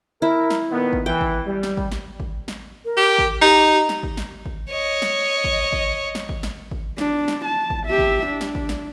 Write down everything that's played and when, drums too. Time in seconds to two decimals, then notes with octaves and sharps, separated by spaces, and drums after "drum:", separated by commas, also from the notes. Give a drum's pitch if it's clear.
0.22 E4 A#4
0.50 drum: snare
0.71 A#2 D#3 B3
0.93 drum: kick G#1
1.06 E3 G5
1.21 drum: kick G#1
1.46 G3
1.63 drum: snare
1.77 drum: kick G#1
1.91 drum: snare
2.20 drum: kick G#1
2.48 drum: snare
2.85 A#4
2.97 G4
3.19 drum: kick G#1
3.42 D#4 G4
3.89 drum: snare
4.03 drum: kick G#1
4.17 drum: snare
4.46 drum: kick G#1
4.70 C#5 D#5
5.02 drum: snare
5.44 drum: kick G#1
5.73 drum: kick G#1
6.15 drum: snare
6.29 drum: kick G#1
6.43 drum: snare
6.71 drum: kick G#1
6.98 D4, drum: snare
7.28 drum: snare
7.45 A5
7.70 drum: kick G#1
7.86 G4 E5
7.98 drum: kick G#1
8.27 D4
8.41 drum: snare
8.55 drum: kick G#1
8.69 drum: snare